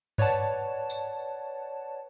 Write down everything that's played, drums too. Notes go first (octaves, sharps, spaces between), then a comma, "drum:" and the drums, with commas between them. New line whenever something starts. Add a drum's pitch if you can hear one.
B4 C#5 D5 F#5 A5, drum: tom G2
drum: tambourine